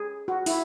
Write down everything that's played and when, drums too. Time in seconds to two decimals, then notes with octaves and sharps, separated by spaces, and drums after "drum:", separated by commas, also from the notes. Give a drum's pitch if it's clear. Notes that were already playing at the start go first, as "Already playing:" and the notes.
Already playing: G#4
0.28 F#4
0.46 E4, drum: open hi-hat